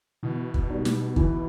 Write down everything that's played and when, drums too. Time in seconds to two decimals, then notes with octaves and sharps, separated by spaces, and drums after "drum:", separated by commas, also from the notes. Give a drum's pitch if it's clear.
0.23 B2 E3
0.54 drum: kick
0.70 G3 D#4
0.85 drum: snare
1.16 E3, drum: kick